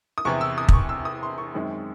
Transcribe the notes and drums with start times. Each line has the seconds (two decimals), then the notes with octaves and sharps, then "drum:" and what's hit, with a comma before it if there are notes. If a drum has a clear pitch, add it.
0.18 D#6
0.25 E2 C3 E3 C#6
0.41 E6
0.58 D#6
0.69 D#6, drum: kick
0.73 C#6
0.89 E6
1.05 D#6
1.23 C6
1.38 C#6
1.55 F#2 D#3 G#3 C4